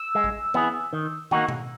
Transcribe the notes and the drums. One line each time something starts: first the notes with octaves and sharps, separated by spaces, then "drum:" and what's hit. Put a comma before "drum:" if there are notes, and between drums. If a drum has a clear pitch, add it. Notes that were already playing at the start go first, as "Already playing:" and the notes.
Already playing: E6
G#3
drum: kick A1
B3 E4 G#4, drum: tom E3
D#3
A#3 D#4 F#4, drum: tom
drum: tom B2